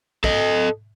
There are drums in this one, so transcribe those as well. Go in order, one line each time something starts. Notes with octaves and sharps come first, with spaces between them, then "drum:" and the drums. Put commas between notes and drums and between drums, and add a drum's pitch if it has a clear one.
A4 D#5, drum: kick